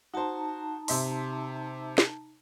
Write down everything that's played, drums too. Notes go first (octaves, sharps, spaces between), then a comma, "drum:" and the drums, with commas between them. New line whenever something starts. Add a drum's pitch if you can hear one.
D#4 F#4 C5 A5 A#5
C3 E5 C6, drum: open hi-hat
drum: snare